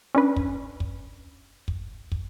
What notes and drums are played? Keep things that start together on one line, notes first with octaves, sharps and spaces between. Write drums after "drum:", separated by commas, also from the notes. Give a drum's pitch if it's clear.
C#4 D4 B4
drum: kick
drum: kick
drum: kick
drum: kick